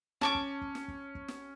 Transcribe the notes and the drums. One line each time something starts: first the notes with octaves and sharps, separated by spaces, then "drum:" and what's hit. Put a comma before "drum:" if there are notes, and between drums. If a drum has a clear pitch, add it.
C#4 A5 C#6 D6, drum: snare
drum: kick
drum: kick
drum: snare
drum: kick
drum: kick
drum: snare